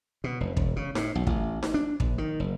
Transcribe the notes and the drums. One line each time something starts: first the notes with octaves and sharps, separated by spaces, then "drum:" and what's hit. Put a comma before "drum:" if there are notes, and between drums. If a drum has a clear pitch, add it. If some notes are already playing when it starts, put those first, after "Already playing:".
B2
F1
E1, drum: kick
C#3
A2, drum: snare D#4
B1
A1, drum: kick
drum: snare D#4
D4
A#1, drum: kick
D#3
F#1